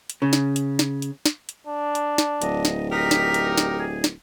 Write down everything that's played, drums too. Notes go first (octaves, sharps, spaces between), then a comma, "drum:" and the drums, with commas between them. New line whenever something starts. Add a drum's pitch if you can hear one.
drum: hi-hat
C#3
drum: snare
drum: hi-hat
drum: snare
drum: hi-hat
drum: snare
drum: hi-hat
D4
drum: hi-hat
drum: snare
D1 D#5, drum: hi-hat
drum: snare
D#4 G4 A#4 B6
drum: snare
drum: hi-hat
drum: snare
G#4
drum: snare